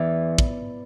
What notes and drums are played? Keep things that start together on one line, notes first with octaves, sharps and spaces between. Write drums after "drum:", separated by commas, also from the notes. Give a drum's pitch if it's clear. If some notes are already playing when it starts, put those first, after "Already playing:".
Already playing: E2 E3 D5
drum: kick